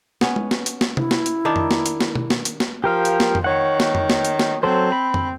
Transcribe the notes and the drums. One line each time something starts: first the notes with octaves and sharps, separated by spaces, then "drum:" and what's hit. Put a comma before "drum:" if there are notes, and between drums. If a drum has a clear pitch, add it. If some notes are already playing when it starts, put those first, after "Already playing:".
B3 C#4, drum: snare
drum: tom G#3
drum: snare
drum: hi-hat
drum: snare
E4, drum: tom C3
drum: snare
drum: hi-hat
D#3 D4 D#4
drum: tom F2
drum: snare
drum: hi-hat
drum: snare
drum: tom B2
drum: snare
drum: hi-hat
drum: snare
F3 G4 A#4 F5
drum: hi-hat
drum: snare
drum: tom F2
D#3 C#5 F#5
drum: snare
drum: tom F2
drum: snare
drum: hi-hat
drum: snare
F#3 C4 A4 C5
B5
drum: tom F2